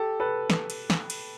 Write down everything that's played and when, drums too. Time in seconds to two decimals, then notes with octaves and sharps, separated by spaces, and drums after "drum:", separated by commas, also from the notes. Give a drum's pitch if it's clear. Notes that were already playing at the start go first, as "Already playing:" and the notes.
Already playing: G4 A4
0.20 A4 B4
0.50 drum: snare
0.70 drum: cymbal
0.90 drum: snare
1.10 drum: cymbal